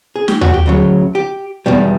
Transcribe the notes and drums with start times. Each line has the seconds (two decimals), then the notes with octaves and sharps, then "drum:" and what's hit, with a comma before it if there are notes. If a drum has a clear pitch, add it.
0.16 G#4
0.28 G4, drum: snare
0.41 F#4, drum: tom D#2
0.54 G4
0.66 D2 C#3 F#3
1.15 G4
1.66 E2 B2 G3